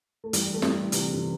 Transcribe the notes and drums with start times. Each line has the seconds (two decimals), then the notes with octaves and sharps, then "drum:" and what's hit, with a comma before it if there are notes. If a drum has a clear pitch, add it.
0.24 A3
0.33 E3 G3, drum: hi-hat
0.54 A3
0.62 E3 G3, drum: snare
0.92 C3 E3, drum: hi-hat
1.14 E3